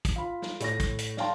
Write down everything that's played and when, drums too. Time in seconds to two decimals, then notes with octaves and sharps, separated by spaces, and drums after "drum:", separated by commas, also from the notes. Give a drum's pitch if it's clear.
0.05 drum: kick, hi-hat
0.16 F4 B5
0.42 drum: snare
0.60 A2 C#5 A#6, drum: hi-hat
0.80 drum: kick, hi-hat
0.99 drum: hi-hat
1.17 C#5 D5 F5 G5 A5 C6, drum: snare